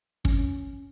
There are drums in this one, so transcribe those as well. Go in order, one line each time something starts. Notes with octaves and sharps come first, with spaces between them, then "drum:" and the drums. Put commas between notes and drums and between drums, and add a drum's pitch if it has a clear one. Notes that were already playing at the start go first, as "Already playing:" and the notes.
C#4, drum: kick